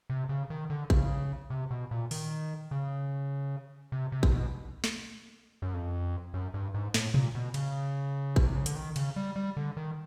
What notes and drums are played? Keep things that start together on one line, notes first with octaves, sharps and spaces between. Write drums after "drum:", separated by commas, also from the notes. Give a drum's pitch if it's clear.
C3
C#3
D#3
D3
C#3, drum: kick A1
C3
B2
A#2
D#3, drum: open hi-hat
C#3
C3
C3
drum: kick A1
B2
drum: snare
F#2
F2
F#2
G2
G#2
A2, drum: snare
A#2, drum: tom B2
B2
C#3, drum: cymbal
B2, drum: kick A1
C3
C#3
D3, drum: hi-hat
D#3
C#3, drum: cymbal
G3
G3
D3
D#3